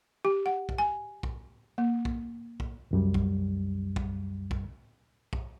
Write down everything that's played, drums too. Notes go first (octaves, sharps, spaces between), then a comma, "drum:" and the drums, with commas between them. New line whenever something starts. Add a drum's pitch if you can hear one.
G4
F#5
drum: kick B1
G#5
drum: kick B1
A#3
drum: kick B1
drum: kick B1
C2 F#2 G3
drum: kick B1
drum: kick B1
drum: kick B1
drum: kick B1